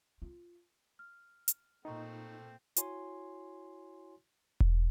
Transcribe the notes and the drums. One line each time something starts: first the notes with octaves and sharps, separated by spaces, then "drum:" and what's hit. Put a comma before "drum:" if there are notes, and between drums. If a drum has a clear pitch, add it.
F4
F6
drum: hi-hat
A#2 A3 C4 D#4 D#5 A#5 C#6
E4 F#4 C#5 G#5 C6, drum: hi-hat
drum: kick E1